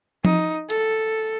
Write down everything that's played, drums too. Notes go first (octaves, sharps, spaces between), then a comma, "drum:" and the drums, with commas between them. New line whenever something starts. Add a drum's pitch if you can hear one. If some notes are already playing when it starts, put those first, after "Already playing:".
D#4, drum: tom F3
A4, drum: hi-hat